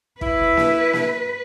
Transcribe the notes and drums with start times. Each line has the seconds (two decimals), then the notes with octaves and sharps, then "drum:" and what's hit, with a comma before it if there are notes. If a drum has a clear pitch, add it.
0.21 E4 B4, drum: kick
0.39 drum: tom C#2
0.57 drum: snare A#3
0.93 drum: snare A#3